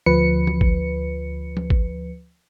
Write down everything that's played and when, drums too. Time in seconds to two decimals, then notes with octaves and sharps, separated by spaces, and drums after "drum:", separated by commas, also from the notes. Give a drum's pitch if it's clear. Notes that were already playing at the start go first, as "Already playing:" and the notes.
0.06 D2 F3 B4 C#7
0.47 drum: tom E3
0.61 drum: kick G#1
1.57 drum: tom F3
1.70 drum: kick G#1